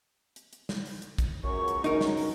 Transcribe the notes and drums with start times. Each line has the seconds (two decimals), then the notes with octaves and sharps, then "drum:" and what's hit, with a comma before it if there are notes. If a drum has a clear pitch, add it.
0.36 drum: hi-hat
0.53 drum: hi-hat
0.69 drum: snare
0.86 drum: open hi-hat
1.02 drum: hi-hat
1.18 drum: kick, hi-hat
1.44 C#2 F#2 C#6
1.68 drum: hi-hat
1.84 D#4 A#4, drum: hi-hat
2.01 drum: snare
2.17 drum: open hi-hat